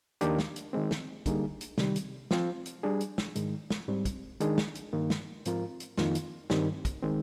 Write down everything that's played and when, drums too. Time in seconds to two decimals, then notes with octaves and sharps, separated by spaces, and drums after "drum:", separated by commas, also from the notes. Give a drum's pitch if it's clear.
0.21 D#2 D#3 A#3 D4 G4, drum: hi-hat
0.38 drum: snare
0.56 drum: hi-hat
0.73 D#3 G#3 C4
0.91 drum: snare
1.26 D3 G3 A#3 D#4 G#4, drum: kick, hi-hat
1.61 drum: hi-hat
1.78 C3 D#3 G3, drum: snare
1.96 drum: hi-hat
2.31 F3 C4 F4 C5, drum: snare
2.66 drum: hi-hat
2.83 G3 D4 G#4
3.01 drum: hi-hat
3.18 drum: snare
3.36 G#2 D#3 G#3, drum: hi-hat
3.70 drum: snare
3.88 G#2 G3 C4
4.05 drum: kick, hi-hat
4.40 D#3 G#3 D4 G#4, drum: hi-hat
4.58 drum: snare
4.75 drum: hi-hat
4.93 G2 D#3 A#3
5.10 drum: snare
5.45 G#2 F3 C4 F4 A#4, drum: hi-hat
5.80 drum: hi-hat
5.98 F2 D#3 A#3 F4, drum: snare
6.15 drum: hi-hat
6.50 G2 D#3 G3 C4, drum: snare
6.85 drum: kick, hi-hat
7.03 D#3 G#3 C4